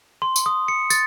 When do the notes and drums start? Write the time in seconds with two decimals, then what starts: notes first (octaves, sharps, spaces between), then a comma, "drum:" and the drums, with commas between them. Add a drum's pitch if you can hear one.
0.22 C6
0.36 drum: tambourine
0.46 D#6
0.68 C#7
0.90 A6, drum: tambourine